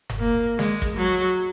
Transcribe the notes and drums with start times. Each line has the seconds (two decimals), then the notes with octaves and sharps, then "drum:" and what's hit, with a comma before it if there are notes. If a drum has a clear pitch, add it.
0.09 drum: tom F#1
0.19 A#3
0.59 G#3, drum: snare
0.82 drum: kick
0.97 F#3